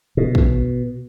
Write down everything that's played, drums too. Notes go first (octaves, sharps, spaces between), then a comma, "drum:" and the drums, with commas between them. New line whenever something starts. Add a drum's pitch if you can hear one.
B2
drum: kick